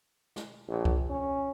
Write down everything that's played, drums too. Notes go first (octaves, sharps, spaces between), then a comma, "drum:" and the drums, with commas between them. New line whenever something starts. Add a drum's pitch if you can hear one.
drum: snare
A#1
drum: kick C2
C#4